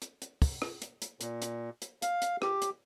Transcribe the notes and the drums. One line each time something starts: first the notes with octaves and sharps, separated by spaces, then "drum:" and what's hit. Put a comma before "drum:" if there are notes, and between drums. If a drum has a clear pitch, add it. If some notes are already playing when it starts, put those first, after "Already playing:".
drum: hi-hat
drum: hi-hat
drum: kick, open hi-hat
drum: rim click
drum: hi-hat
drum: hi-hat
A#2, drum: hi-hat
drum: hi-hat
drum: hi-hat
F5, drum: hi-hat
drum: hi-hat
G4, drum: rim click
drum: hi-hat